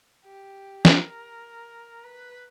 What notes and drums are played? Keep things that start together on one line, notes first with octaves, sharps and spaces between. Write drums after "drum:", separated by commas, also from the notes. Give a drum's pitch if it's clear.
G4
A#4, drum: snare
B4